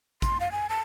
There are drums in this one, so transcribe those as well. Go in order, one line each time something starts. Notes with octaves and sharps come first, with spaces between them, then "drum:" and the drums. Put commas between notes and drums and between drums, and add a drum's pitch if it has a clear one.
C6, drum: kick A1, hi-hat
F5
G#5
A5